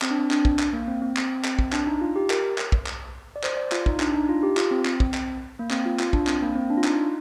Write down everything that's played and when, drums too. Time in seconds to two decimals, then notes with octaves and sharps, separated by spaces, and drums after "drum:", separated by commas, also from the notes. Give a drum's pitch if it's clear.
0.02 C4, drum: clap
0.10 D4
0.19 C4
0.31 D4, drum: clap
0.45 drum: kick
0.59 drum: clap
0.73 A#3
0.88 C4
1.02 C4
1.17 C4, drum: clap
1.44 C4, drum: clap
1.59 drum: kick
1.73 D4, drum: clap
1.87 D#4
2.01 F4
2.16 G4
2.30 A#4, drum: clap
2.58 drum: clap
2.72 drum: kick
2.87 drum: clap
3.36 D5
3.43 C5, drum: clap
3.57 D5
3.72 F4, drum: clap
3.86 D#4, drum: kick
3.96 D#4
4.00 D4, drum: clap
4.10 D4
4.15 D#4
4.29 F4
4.43 G4
4.57 F4, drum: clap
4.71 C4
4.85 C4, drum: clap
5.00 C4, drum: kick
5.14 drum: clap
5.59 A#3
5.71 C4, drum: clap
5.86 F4
6.00 F4, drum: clap
6.13 D4, drum: kick
6.27 C4, drum: clap
6.42 A#3
6.55 C4
6.70 D4
6.77 F4
6.84 D#4, drum: clap